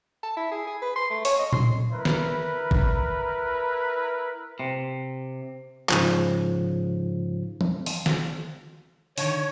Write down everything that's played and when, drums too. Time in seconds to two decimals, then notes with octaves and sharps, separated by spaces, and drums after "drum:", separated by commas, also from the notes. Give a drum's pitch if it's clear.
0.23 A5
0.37 E4
0.51 G#4
0.67 G#4
0.82 B4
0.96 C6
1.10 A3
1.25 C#5, drum: open hi-hat
1.39 D#5
1.53 C6, drum: tom A#2
1.91 E4 A#4 B4
2.05 drum: snare
2.71 drum: kick
4.60 C3
5.89 G#2 C#3 F3, drum: clap
7.61 drum: tom E3
7.86 drum: open hi-hat
8.06 drum: snare
9.18 D3 D#3 C#5, drum: open hi-hat